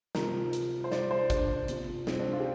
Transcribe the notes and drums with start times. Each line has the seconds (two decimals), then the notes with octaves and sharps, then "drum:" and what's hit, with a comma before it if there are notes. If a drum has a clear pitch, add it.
0.15 C3 F3 A#4, drum: snare
0.53 drum: hi-hat
0.84 C5
0.92 D5, drum: snare
1.11 C5
1.30 D4, drum: kick, hi-hat
1.68 C3 F3, drum: hi-hat
2.07 C4, drum: snare
2.20 D4
2.33 F4
2.40 G4